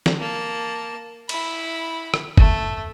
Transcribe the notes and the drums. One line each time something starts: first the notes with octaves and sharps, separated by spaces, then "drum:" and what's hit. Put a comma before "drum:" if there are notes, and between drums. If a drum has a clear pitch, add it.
drum: snare
A#3 A5
E4 B5, drum: cymbal
drum: rim click
A3, drum: kick F#1